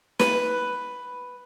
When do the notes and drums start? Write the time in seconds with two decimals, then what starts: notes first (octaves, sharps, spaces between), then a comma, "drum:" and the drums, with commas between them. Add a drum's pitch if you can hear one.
0.19 B4, drum: snare